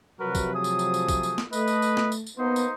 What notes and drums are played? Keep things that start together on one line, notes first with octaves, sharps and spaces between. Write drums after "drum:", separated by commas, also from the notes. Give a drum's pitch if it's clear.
C3 F3 F#3 F#4 A#4 B4
drum: kick, tambourine
A3 G#4 D#6
drum: tambourine
drum: tambourine
drum: tambourine
drum: kick, tambourine
drum: tambourine
drum: snare
A3 B4 D#5, drum: tambourine
drum: tambourine
drum: tambourine
drum: snare
drum: tambourine
drum: tambourine
A#3 B3 D#4 C5
drum: tambourine